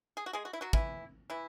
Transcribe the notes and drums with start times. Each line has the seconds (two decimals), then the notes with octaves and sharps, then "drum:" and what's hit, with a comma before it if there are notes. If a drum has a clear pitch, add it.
0.17 G#4
0.26 F#4
0.33 G#3 G#4
0.45 F#4
0.53 E4
0.61 F#3 F#4
0.73 E3 E4, drum: kick
1.30 E3 E4